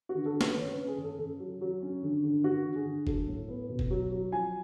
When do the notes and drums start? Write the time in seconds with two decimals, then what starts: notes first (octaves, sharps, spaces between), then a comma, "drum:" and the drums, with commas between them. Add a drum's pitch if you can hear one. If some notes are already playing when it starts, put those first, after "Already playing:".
0.09 F#4
0.15 D3
0.26 A4
0.35 C#4
0.41 B4, drum: snare
0.57 C#3 C#5
0.73 C#4 B4
0.88 G#4
0.98 C#3
1.04 A4
1.19 C#3 A4
1.40 F#3
1.61 F#3
1.82 C#4
2.03 D3
2.24 D3
2.44 D3 F#4
2.65 D3
2.75 G#4
2.86 D3
3.07 F#3 A4, drum: kick F1
3.28 A2
3.49 B3
3.69 B2
3.79 drum: kick F1
3.90 F#3
4.11 F#3
4.32 F3 G#5